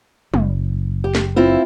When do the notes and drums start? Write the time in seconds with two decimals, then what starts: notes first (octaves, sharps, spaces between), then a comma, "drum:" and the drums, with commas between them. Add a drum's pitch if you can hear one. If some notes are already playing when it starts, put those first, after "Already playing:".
0.34 F#1, drum: tom
1.04 G4
1.15 drum: snare
1.36 C4 E4 F4